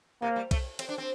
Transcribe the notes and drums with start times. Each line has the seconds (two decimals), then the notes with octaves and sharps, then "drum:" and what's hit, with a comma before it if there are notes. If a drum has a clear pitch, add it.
0.22 C3 A#3
0.36 G3
0.51 A3, drum: kick B1, cymbal
0.79 C4, drum: cymbal
0.89 D4
0.98 C4